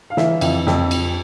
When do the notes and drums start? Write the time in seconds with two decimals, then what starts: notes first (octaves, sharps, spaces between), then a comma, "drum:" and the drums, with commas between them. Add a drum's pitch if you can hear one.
0.10 F5
0.17 E3 E5, drum: snare
0.41 F2, drum: cymbal
0.67 F2, drum: snare
0.91 drum: cymbal